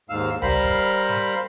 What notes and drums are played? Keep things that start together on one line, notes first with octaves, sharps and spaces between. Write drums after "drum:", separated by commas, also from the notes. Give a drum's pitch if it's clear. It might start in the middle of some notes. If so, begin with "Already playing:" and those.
D#2 G#2 F5 E6
G3 A#4 C5 F5 B5, drum: tom C#2
drum: kick
drum: snare